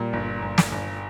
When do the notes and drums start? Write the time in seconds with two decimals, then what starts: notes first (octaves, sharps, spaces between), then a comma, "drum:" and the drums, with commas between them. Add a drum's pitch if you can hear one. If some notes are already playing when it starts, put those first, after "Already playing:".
Already playing: A#2 G3
0.13 G1
0.42 G1
0.58 drum: snare
0.72 G1